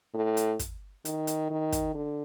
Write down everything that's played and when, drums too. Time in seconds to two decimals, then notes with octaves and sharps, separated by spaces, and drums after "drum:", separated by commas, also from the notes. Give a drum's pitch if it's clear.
0.14 A2
0.37 drum: hi-hat
0.59 drum: kick, hi-hat
1.05 D#3, drum: hi-hat
1.27 drum: hi-hat
1.50 D#3
1.72 drum: kick, hi-hat
1.94 D3